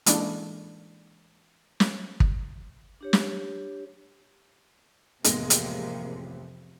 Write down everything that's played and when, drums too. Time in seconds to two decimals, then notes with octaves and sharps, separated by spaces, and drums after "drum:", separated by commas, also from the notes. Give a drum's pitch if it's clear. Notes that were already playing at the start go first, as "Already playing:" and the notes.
0.06 E3 G#3 A#3 C#4 D4 E4, drum: hi-hat
1.80 drum: snare
2.20 drum: kick
3.01 D4 G4 C#5
3.13 drum: snare
5.24 A1 F2 C3 G#3 A#3 B3 A#6, drum: hi-hat
5.50 drum: hi-hat